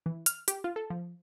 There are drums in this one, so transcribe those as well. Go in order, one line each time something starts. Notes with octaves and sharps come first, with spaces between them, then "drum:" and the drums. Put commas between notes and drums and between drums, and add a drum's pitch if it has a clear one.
E3
F6, drum: hi-hat
G4, drum: hi-hat
F4
A4
F3